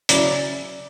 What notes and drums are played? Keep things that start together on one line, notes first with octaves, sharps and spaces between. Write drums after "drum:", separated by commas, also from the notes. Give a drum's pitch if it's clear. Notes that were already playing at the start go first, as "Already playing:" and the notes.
C#3 F#3 C#4 E4 D5, drum: hi-hat